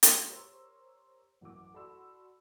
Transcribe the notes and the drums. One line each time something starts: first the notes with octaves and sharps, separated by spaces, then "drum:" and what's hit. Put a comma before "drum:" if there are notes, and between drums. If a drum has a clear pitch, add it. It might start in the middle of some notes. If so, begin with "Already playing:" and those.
G#3 E5 G5 E6, drum: hi-hat
G4 A#4 C5 C#5 C6 E6
A1 F#2 F#5 D6
F#4 A4 D5 B5 C6 E6